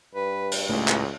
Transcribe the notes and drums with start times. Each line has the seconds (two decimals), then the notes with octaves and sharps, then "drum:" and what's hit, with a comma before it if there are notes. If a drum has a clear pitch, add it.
0.15 G2 B4
0.52 drum: cymbal
0.69 C#2 A2 G#4
0.88 drum: clap